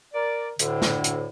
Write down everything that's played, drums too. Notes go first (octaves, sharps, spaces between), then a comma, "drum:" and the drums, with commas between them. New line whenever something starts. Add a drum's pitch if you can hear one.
A#4 D5
D2 A2 D3, drum: hi-hat
drum: snare
drum: hi-hat